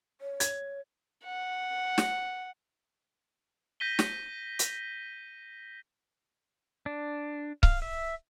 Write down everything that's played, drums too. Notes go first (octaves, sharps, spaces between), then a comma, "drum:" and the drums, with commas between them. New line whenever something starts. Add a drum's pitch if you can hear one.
C#5
G#6, drum: hi-hat
F#5
drum: snare
G6 A#6 B6 D#7 G7
drum: snare
drum: hi-hat
D4
F5, drum: kick C#1
E5